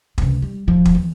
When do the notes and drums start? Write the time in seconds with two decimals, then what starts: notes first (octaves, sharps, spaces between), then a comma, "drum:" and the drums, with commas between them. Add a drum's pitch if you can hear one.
0.18 C#2 C3, drum: kick
0.42 G3
0.68 D#1 F3
0.85 drum: kick
0.95 E2